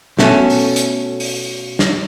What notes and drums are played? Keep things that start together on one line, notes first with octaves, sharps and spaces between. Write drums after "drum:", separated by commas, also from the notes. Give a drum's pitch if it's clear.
B2 A3 C#4, drum: snare
drum: open hi-hat
drum: hi-hat
drum: open hi-hat
drum: snare